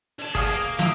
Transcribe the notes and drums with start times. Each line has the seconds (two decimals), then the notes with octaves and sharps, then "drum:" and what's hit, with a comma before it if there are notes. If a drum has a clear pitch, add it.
0.19 D3 A5
0.35 C2 B2 G#4 F5 D#6, drum: kick, hi-hat
0.50 A#3
0.79 F3 A#3 E4 D#6, drum: snare